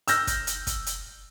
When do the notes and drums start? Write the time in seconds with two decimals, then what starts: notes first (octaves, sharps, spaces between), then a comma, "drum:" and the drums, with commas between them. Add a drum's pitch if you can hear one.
0.08 E6 F6 G6 A#6, drum: hi-hat
0.27 drum: kick, hi-hat
0.47 drum: hi-hat
0.67 drum: kick, hi-hat
0.86 drum: hi-hat